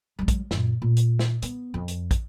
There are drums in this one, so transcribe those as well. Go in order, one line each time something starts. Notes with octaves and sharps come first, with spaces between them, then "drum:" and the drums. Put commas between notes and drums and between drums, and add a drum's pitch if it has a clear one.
F#3 G#3
drum: kick, hi-hat
F#2 A#2, drum: snare
A#2
drum: hi-hat
drum: snare
B3, drum: hi-hat
F2
drum: hi-hat
drum: kick, hi-hat